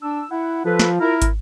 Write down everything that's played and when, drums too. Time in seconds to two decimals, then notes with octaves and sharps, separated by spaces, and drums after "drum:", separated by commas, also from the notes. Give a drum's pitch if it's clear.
0.02 D4 E6
0.31 E4 F#5
0.65 F3 F4 A4 B4
0.79 drum: snare
1.01 E4 A#4
1.22 drum: kick, hi-hat